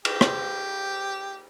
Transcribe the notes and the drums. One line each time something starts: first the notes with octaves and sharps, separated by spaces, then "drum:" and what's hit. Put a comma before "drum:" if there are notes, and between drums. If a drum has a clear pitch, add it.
G4, drum: cymbal
drum: rim click